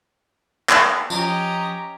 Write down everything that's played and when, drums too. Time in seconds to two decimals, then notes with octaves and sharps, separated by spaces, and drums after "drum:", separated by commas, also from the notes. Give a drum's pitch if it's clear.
0.69 drum: clap
1.10 F3 C#4 G4 D#5 A#5, drum: tambourine